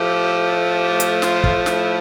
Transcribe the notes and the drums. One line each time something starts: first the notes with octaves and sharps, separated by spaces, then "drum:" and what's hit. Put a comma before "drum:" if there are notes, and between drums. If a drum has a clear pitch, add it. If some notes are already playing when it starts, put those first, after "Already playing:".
Already playing: A2 F3 A3 G4
G4
drum: hi-hat
F4, drum: snare
drum: kick
E4, drum: snare